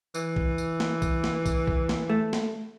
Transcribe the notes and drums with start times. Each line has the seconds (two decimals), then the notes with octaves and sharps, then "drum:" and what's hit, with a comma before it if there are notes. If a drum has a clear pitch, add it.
0.15 E3, drum: tambourine
0.36 drum: kick
0.58 drum: tambourine
0.80 drum: snare
1.02 drum: kick, tambourine
1.24 drum: snare
1.46 drum: kick, tambourine
1.67 drum: kick
1.89 drum: snare
2.10 A3
2.33 drum: snare